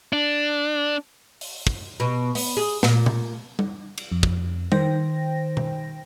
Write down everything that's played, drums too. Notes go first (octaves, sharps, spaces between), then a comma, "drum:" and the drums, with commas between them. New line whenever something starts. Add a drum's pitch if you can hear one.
D4
drum: open hi-hat
drum: kick
B2
B3, drum: open hi-hat
G#4
A#2, drum: snare
drum: tom B2
drum: tom G3
drum: cymbal
F2
drum: kick
D#3 C5 G5 A#6, drum: tom G3
drum: tom B2